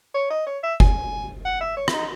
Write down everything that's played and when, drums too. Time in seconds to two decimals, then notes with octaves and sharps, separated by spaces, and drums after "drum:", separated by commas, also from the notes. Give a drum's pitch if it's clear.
0.14 C#5
0.30 D#5
0.46 C#5
0.63 E5
0.80 G#5, drum: kick F#1
1.45 F#5
1.61 E5
1.77 C#5
1.88 E4, drum: rim click
1.93 D#4